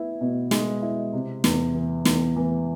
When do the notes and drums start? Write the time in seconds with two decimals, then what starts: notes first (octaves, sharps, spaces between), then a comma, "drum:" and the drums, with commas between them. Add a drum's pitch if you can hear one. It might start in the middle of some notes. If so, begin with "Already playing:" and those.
Already playing: B3 E4
0.21 B2
0.51 G#3, drum: snare
0.82 E4
1.13 C3
1.44 E2, drum: snare
1.74 E3
2.05 E2, drum: snare
2.36 E3